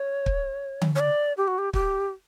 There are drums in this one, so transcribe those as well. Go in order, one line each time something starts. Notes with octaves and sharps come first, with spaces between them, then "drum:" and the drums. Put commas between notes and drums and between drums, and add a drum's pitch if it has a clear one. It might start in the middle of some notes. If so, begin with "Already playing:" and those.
Already playing: C#5
drum: kick
drum: tom D3
C#5
D5
G4
F#4
G4
G4, drum: kick